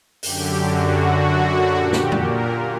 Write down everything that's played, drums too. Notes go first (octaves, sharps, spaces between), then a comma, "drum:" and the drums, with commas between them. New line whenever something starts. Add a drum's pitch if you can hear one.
F#2 D3 G4, drum: open hi-hat
F#4
A#2 G4
drum: snare
A#4, drum: tom F2